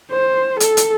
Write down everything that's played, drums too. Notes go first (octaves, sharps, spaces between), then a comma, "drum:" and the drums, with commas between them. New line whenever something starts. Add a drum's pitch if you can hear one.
C5
A4, drum: hi-hat
drum: hi-hat